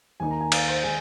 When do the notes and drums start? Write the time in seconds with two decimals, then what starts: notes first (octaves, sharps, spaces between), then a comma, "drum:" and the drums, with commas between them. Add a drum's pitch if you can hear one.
0.20 D#2 D#3 A#3 D#4 G#5
0.31 A#5
0.41 G#5
0.52 F5, drum: cymbal
0.68 C5
0.84 D#3 G#3 G#5